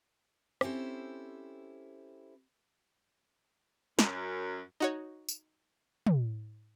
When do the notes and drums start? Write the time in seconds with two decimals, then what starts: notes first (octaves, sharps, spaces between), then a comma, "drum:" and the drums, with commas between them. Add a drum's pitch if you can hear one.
0.61 C4 C#4 E4 G4 A4 C5, drum: rim click
3.99 F#2, drum: snare
4.80 D#4 F#4 C#5
5.29 drum: tambourine
6.07 drum: tom